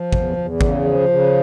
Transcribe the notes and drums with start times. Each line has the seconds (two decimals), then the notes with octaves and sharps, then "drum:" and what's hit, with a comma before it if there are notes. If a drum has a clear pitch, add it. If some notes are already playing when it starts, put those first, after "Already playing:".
Already playing: F3
0.13 E2, drum: kick
0.37 E2
0.61 C#3, drum: kick
0.85 F3
1.09 C#3